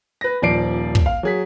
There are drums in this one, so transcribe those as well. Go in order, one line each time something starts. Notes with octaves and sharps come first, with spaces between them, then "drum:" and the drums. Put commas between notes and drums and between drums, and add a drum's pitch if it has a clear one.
B4 A#6
D#1 F3 D5 C7 D7
drum: kick
F5
F#3 G#4 B6